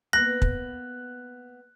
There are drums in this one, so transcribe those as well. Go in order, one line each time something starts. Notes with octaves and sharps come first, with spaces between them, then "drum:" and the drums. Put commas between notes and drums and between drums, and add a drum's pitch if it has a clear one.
A#3 B3 F#6 A#6
drum: kick